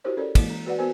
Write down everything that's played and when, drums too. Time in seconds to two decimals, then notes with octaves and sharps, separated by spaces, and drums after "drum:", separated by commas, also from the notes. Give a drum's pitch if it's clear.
0.04 E4 F#4 G4 A#4 C5 C#5
0.17 C#4 A4 A#4 C#5 D5
0.35 E3 G#3 A#3 E4, drum: kick, cymbal
0.50 A#5
0.66 F#4 B4 D5 F#5
0.78 B3 F#4 A#4 C5 G#5